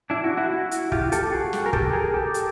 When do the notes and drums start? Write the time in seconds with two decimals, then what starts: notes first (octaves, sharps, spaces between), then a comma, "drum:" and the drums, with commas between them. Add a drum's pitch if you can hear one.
0.10 D4 E4
0.24 E4 F#4
0.37 E4 F#4
0.51 E4 F#4
0.71 drum: hi-hat
0.92 F4 G4, drum: kick
1.12 G4 A4, drum: hi-hat
1.28 G4
1.32 F#4 G#4
1.53 drum: snare
1.66 A#4
1.73 G4 A4, drum: kick
1.93 G#4 A#4
2.14 G4 A4
2.34 drum: hi-hat